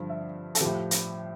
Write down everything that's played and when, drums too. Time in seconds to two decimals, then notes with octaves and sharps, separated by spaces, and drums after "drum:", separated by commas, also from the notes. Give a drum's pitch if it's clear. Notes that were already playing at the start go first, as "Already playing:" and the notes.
Already playing: G2 D3 F3
0.10 E5
0.55 A4, drum: hi-hat
0.61 A2 F3 G4
0.91 drum: hi-hat